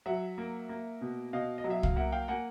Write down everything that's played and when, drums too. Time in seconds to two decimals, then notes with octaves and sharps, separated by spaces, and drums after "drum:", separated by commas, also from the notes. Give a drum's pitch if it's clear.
0.06 F#3 E5 F#5
0.38 A#3
0.69 A#3
1.01 B2
1.33 B2 D#5 F5
1.58 D#5
1.64 F#3
1.70 E5
1.83 F5, drum: kick
1.96 A#3 E5 F#5
2.12 F5 G5
2.28 A#3 F#5 G#5